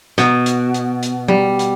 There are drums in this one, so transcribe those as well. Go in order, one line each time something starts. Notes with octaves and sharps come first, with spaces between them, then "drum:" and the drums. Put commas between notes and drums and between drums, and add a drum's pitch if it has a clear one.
B2, drum: snare
drum: hi-hat
drum: hi-hat
drum: hi-hat
G3, drum: tom
drum: hi-hat